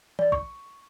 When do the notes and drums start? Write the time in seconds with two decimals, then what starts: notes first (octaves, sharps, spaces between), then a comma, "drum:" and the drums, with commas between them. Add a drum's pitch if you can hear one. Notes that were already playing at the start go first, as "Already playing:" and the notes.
0.19 D5, drum: tom E3
0.32 C#6, drum: kick B1